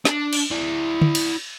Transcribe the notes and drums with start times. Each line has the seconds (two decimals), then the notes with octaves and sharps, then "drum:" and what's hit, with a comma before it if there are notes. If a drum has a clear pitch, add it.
0.05 D4, drum: snare
0.33 drum: cymbal
0.51 E4 D5
1.01 drum: tom
1.15 drum: cymbal